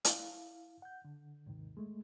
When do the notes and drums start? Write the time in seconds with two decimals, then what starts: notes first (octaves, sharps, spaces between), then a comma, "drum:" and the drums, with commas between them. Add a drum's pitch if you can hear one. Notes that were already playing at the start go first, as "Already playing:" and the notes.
0.05 E4 F5, drum: hi-hat
0.82 F#5 G6
1.05 D3
1.46 D#2 G#2 C3 D#3
1.77 G#3 A3